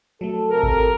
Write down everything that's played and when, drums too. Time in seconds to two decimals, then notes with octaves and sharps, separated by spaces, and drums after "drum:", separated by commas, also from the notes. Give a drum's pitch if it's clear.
0.21 F#3 A3 A4
0.51 C3 A4 A#4
0.63 drum: kick G#1